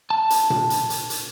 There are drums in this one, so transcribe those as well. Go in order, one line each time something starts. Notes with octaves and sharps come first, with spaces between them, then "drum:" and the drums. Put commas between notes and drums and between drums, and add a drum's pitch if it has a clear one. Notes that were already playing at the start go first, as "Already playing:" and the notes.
A5
drum: hi-hat
drum: tom A#2
drum: hi-hat
drum: hi-hat
drum: hi-hat